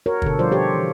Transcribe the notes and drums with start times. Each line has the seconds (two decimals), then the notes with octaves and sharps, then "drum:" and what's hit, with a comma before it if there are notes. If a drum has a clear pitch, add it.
0.06 F#4 A#4 C#5
0.22 B2 D3 A4, drum: kick
0.39 F3 G3 F4 C5 D5
0.52 G4 A4 C#5
0.74 E3